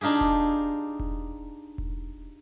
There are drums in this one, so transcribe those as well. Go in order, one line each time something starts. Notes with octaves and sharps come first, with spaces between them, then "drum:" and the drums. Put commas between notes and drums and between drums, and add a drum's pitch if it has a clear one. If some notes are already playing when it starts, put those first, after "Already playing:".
D4 D#4 F4 G4 G#4
drum: kick E1
drum: kick E1
drum: kick E1